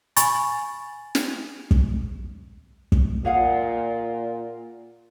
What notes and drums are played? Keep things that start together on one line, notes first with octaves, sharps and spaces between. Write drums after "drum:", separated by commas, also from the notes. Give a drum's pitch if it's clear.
G#5 B5 C#6 A6, drum: hi-hat
drum: snare
drum: kick
drum: kick
A#2 G#4 F5 F#5